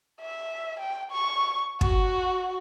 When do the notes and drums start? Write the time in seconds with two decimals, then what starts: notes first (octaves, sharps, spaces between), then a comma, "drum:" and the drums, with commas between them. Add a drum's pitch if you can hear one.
0.20 E5
0.79 G5
1.11 C#6
1.81 F#4, drum: kick